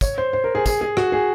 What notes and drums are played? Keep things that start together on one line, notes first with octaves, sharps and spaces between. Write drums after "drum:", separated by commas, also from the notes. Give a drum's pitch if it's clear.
C#5, drum: kick, tambourine
C5
C5
A#4
G#4
G#4, drum: kick, tambourine
G#4
F#4, drum: rim click
G#4